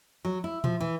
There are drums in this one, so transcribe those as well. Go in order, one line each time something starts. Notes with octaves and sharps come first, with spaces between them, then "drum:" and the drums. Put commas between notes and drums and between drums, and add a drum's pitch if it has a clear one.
F#3
E4
F3, drum: tom A#2
E3